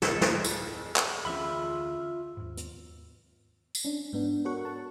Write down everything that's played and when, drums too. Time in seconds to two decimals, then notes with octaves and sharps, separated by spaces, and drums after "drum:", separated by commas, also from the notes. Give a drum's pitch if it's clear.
0.02 D1 F2 C3 G#3 A4, drum: snare
0.21 drum: snare
0.44 drum: tambourine
0.96 drum: clap
1.25 D2 E3 C#4 F4 E5 B5
2.37 D#2 G#2
2.57 drum: hi-hat
3.75 drum: tambourine
3.85 C#4 D4
4.13 G#2 B3 D4
4.45 F#4 A4 A#4 C#5 C#6 F#6
4.65 A5